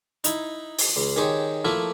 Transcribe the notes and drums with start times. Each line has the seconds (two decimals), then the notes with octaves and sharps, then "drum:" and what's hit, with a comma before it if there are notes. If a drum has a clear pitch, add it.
0.24 D#4 E4, drum: hi-hat
0.78 drum: open hi-hat
0.96 C#2
1.16 D#3 G4 G#4 C5 C#5
1.65 F3 A3 A#3 E4 F4 E5